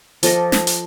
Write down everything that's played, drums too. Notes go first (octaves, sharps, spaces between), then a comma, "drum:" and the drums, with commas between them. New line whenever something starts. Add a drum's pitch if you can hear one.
F3 A4 D#5 D6, drum: hi-hat
drum: snare
drum: hi-hat